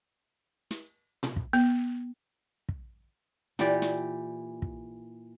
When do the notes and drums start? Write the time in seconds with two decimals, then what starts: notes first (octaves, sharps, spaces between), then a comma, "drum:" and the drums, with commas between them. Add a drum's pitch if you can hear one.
0.71 drum: snare
1.23 drum: tom A#2
1.36 drum: kick
1.53 B3
2.69 drum: kick
3.59 A#2 E3 G4 D5, drum: snare
3.82 drum: snare
4.62 drum: kick